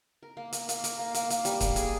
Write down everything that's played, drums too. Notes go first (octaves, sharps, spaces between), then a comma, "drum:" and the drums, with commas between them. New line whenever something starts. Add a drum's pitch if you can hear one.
A#4
A#3
A#3, drum: hi-hat
A#3, drum: hi-hat
A#4, drum: hi-hat
A#3
A#3, drum: hi-hat
A#3, drum: hi-hat
G3, drum: hi-hat
A#3, drum: kick, hi-hat
G#4, drum: hi-hat